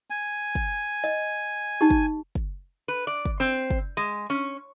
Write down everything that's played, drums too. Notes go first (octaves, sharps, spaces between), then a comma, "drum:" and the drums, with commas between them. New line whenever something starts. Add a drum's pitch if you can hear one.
G#5
drum: kick
D#5
D#4 G4
drum: kick
drum: kick
B4
D5
drum: kick
C4
drum: kick
G#3
C#4